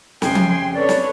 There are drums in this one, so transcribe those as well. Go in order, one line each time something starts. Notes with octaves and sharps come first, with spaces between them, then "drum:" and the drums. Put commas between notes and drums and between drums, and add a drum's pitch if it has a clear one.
F1 C2 C#3 G5 G#5 C6, drum: snare
drum: tom F3
C#4 D4 A4 B4 C#5 D5
drum: snare